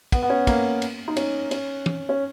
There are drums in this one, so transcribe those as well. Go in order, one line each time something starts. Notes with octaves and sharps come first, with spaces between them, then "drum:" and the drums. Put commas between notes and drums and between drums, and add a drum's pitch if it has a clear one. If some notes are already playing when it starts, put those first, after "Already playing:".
B3, drum: kick, cymbal
B3
C#4
A#3, drum: kick, cymbal
drum: cymbal
D#4
C#4, drum: cymbal
C#4, drum: cymbal
drum: tom
C#4